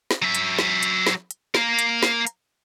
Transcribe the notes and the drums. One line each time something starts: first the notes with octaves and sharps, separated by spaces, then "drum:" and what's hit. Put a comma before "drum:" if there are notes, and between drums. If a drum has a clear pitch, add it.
drum: snare
F#3 E5
drum: hi-hat
drum: snare
drum: hi-hat
drum: snare
drum: hi-hat
A#3 A#4, drum: snare
drum: hi-hat
drum: snare
drum: hi-hat